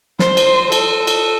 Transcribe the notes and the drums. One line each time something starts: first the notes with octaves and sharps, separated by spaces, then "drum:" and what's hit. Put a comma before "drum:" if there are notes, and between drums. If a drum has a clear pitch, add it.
C5, drum: snare
drum: cymbal
A4, drum: cymbal
drum: cymbal